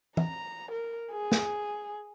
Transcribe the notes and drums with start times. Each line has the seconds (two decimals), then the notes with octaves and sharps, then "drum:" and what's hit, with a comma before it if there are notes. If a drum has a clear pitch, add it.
0.17 A#5, drum: tom E3
0.72 A#4
1.11 G#4
1.32 drum: snare